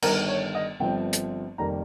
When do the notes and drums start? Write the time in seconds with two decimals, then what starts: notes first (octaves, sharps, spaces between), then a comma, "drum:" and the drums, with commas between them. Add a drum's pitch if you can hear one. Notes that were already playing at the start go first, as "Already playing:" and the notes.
0.02 G1 G2 D#3 A#4, drum: cymbal
0.28 C#5
0.55 D#5
0.80 G1 G2 F3 C4 G5
1.13 drum: hi-hat
1.58 F1 F2 D#3 G3 A#3 A#5